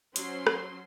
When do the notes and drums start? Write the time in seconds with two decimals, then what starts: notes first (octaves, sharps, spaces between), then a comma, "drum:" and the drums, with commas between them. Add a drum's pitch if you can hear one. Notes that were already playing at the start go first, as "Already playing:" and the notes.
0.16 F#3 C#4 C5 C6, drum: hi-hat
0.47 drum: rim click